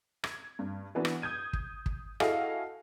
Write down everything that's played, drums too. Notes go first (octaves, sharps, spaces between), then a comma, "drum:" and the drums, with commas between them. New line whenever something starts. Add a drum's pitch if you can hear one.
G#6, drum: rim click
G2
E3 B3 D4 F#4
drum: rim click
D#6 G6 G#6 D#7
drum: kick
drum: kick
E4 F#4 G#4 A4 D#5 F5, drum: rim click